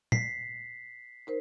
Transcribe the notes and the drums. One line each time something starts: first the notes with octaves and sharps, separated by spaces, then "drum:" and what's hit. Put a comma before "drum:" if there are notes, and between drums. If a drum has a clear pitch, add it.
B6 C7, drum: tom A#2
D#4 A#4 C5